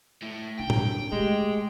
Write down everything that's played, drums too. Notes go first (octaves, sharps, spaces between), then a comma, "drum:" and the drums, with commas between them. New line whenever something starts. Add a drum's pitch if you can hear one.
A2
D3 G5
drum: tom
G#3 A3 G4